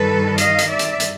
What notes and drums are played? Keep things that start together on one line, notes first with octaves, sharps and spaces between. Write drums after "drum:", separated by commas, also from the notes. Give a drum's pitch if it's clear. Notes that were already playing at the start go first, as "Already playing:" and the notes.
Already playing: G2 D#3 G3 A4 B4
D#5 F5, drum: hi-hat
drum: hi-hat
D5 E5
drum: hi-hat
drum: hi-hat